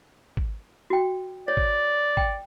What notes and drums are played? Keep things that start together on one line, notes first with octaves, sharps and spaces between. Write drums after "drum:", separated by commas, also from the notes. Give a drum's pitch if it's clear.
drum: kick G#1
F#4 G5
C#5 D5
drum: kick G#1
G5, drum: kick G#1